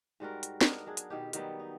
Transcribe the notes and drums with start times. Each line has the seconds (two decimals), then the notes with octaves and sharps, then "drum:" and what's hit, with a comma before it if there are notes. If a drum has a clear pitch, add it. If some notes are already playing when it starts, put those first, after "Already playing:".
0.20 G#2 G3 F#4 A#4
0.43 drum: hi-hat
0.61 B3 D4 A#4 D#5, drum: snare
0.86 F#3 D4 G#4
0.97 drum: hi-hat
1.10 B2 D#3 G4
1.33 D#3 F#3 G3 B3, drum: hi-hat
1.59 D#4